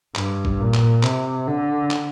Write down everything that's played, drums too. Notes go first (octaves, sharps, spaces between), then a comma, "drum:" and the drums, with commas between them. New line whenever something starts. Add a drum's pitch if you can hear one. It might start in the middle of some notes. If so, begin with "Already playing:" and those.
G2, drum: clap
drum: kick G#1
A#2
drum: clap
C3, drum: clap
D3
drum: clap